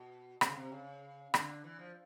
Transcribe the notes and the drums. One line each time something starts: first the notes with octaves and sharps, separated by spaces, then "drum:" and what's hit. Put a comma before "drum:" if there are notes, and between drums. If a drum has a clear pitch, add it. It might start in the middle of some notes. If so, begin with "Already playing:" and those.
Already playing: B2
C3, drum: rim click
C#3
C3
C#3
D3, drum: rim click
E3
F3